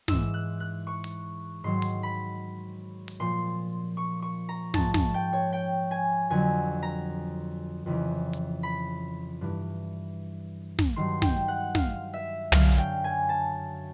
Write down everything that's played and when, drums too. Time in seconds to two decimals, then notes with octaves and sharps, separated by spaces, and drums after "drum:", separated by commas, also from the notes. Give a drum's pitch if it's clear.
0.08 G#2 E3 E6, drum: snare
0.34 F#6
0.60 F#6
0.87 C#6
1.04 drum: open hi-hat
1.64 G#2 D#3 F#3 C6
1.82 drum: open hi-hat
2.03 B5
3.08 drum: open hi-hat
3.20 A#2 F3 C6
3.97 C#6
4.22 C#6
4.49 A#5
4.74 G#2 F3 A5, drum: snare
4.94 A5, drum: snare
5.14 G5
5.33 C#5
5.53 G5
5.91 G#5
6.30 F2 D3 F#3 G#5
6.83 A#5
7.86 F2 C#3 E3
8.33 drum: hi-hat
8.63 B5
9.41 G2 E3
10.79 drum: snare
10.96 G2 D#3 F#3 C6
11.22 G5, drum: snare
11.48 F#5
11.75 F5, drum: snare
12.13 E5
12.52 F#2 D3 F#3 F5, drum: tom
12.78 G5
13.04 G#5
13.29 A5